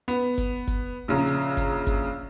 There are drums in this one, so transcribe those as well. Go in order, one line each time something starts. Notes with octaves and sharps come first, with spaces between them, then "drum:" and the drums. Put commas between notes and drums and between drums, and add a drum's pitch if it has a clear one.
B3, drum: hi-hat
drum: kick F#1, hi-hat
drum: kick F#1, hi-hat
A#1 C#3 A#5
drum: hi-hat
drum: kick F#1, hi-hat
drum: kick F#1, hi-hat